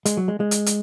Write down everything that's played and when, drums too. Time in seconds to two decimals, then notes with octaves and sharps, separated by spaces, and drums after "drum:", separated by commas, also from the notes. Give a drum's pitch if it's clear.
0.06 G#3, drum: hi-hat
0.17 F#3
0.28 G#3
0.40 G#3
0.51 drum: hi-hat
0.66 drum: hi-hat